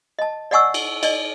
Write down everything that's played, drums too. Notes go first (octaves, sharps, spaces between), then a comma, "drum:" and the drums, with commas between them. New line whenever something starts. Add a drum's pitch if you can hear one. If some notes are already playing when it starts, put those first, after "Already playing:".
D#5 A5
D5 D#5 F#5 G#5 C#6 E6
drum: cymbal
D5 D#5, drum: cymbal